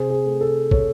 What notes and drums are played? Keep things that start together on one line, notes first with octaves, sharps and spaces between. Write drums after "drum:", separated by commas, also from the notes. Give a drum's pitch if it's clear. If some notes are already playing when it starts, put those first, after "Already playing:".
Already playing: C3 G#4 C5
G#4
A3
A4
A4 C#5, drum: kick